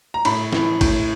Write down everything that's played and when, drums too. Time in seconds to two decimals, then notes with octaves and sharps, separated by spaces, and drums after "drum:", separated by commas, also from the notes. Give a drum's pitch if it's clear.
0.14 A#5
0.25 A2 B5, drum: cymbal
0.53 E3, drum: snare
0.81 A2, drum: kick A1, cymbal